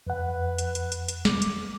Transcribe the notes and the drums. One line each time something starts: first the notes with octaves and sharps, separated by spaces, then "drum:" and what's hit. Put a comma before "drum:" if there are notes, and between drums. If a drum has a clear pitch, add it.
F2 B4 F#5
drum: hi-hat
drum: hi-hat
drum: hi-hat
drum: hi-hat
D6, drum: snare
drum: hi-hat